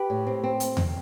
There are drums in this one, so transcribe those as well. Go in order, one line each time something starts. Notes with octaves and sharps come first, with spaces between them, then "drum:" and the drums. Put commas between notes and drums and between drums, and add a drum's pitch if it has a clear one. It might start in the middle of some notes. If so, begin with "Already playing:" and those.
Already playing: G4 B4
A2
C4
C4
drum: hi-hat
drum: tom E2